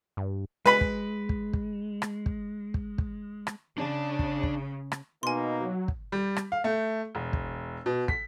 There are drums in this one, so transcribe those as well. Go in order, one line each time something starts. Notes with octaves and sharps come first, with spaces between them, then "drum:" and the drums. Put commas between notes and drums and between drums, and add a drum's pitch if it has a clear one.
G2
G#3 B4 B5
drum: kick
drum: kick
drum: kick
drum: rim click
drum: kick
drum: kick
drum: kick
drum: rim click
C#3 D4 D5 A5
drum: kick
drum: kick
drum: rim click
B2 A#3 D#4 G#5 C6
F#3
drum: kick
G3
drum: rim click
F5
A3
E1
drum: kick
B2
B6, drum: kick